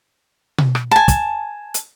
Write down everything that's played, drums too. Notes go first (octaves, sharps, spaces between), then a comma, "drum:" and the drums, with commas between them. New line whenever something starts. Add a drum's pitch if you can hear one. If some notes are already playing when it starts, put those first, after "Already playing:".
drum: tom B2
drum: rim click
G#5 A5
drum: kick, hi-hat
drum: hi-hat